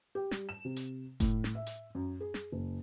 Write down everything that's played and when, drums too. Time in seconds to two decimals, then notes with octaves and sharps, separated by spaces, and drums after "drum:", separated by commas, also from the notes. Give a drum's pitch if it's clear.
0.15 G4
0.31 G3, drum: snare
0.49 E7
0.65 C3
0.76 drum: hi-hat
1.20 A2, drum: kick F#1, hi-hat
1.44 drum: snare
1.55 E5
1.66 drum: hi-hat
1.95 F#2
2.20 G#4
2.34 drum: snare
2.52 F#1